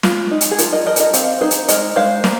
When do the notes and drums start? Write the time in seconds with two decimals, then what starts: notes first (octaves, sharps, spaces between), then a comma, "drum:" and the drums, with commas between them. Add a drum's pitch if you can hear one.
0.03 G#3 F4, drum: snare
0.31 D#4
0.41 drum: hi-hat
0.51 G#4
0.58 F3 F4 A#4, drum: hi-hat
0.73 A#4 D#5
0.86 F3 A#4 D#5
0.96 C5, drum: hi-hat
1.00 A#4 D#5
1.13 C4 C5 F5, drum: hi-hat
1.41 D#4 G#4 C5
1.51 drum: hi-hat
1.68 G#3 A#4 D#5, drum: hi-hat
1.96 G#3 C5 F5
2.24 A#3, drum: snare